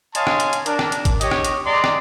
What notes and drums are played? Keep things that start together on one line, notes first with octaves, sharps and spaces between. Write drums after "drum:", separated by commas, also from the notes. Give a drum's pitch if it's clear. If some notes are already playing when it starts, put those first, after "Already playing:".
C#5 D#5 F5 G#5 A5 C6, drum: hi-hat
drum: rim click
drum: hi-hat
drum: hi-hat
D4 A#4, drum: hi-hat
drum: rim click
drum: hi-hat
drum: kick G#1, hi-hat
G4 C#5 D#5, drum: hi-hat
drum: rim click
drum: hi-hat
G#3 D5 D#5 A#5 C6 D6
drum: rim click